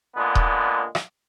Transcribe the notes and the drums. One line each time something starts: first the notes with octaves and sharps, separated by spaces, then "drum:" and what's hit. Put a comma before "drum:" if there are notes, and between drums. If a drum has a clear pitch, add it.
A#2 D3 G#3 B3
drum: kick D#1
drum: rim click